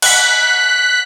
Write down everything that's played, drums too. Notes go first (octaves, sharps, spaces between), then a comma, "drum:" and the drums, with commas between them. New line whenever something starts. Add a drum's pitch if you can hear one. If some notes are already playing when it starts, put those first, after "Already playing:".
F#6 B6, drum: cymbal